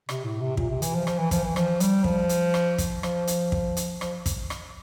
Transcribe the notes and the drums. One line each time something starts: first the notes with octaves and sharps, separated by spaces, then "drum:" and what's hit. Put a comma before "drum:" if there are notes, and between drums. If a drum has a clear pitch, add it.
C3, drum: rim click
A2
C3
A#2, drum: kick
C3
E3, drum: hi-hat
F3
F3, drum: rim click
E3
F3, drum: kick, hi-hat
E3
F3, drum: rim click
G3, drum: hi-hat
F3, drum: kick
drum: hi-hat
drum: rim click
drum: kick, hi-hat
F3, drum: rim click
drum: hi-hat
drum: kick
drum: hi-hat
F3, drum: rim click
drum: kick, hi-hat
drum: rim click